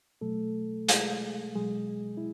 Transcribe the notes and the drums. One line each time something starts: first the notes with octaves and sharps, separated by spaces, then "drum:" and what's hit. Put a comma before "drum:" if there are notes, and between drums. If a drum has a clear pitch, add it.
B2 F#3 A3 A4
G#3 G#4, drum: hi-hat
B2 F#3 G#3 G#4
E4